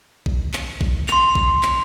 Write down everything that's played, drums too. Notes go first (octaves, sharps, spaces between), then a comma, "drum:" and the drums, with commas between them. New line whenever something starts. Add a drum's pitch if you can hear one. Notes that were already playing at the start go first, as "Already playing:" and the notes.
drum: kick A#1
drum: clap
drum: kick A#1
C6 F7, drum: clap
drum: kick A#1
drum: clap